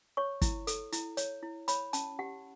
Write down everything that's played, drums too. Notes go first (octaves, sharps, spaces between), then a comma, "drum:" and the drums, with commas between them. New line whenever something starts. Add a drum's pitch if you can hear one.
C#5 C#6
E4, drum: kick, hi-hat
A4, drum: hi-hat
E4, drum: hi-hat
C#5, drum: hi-hat
E4
C#5 B5, drum: hi-hat
C#4 A5, drum: hi-hat
G4 F#5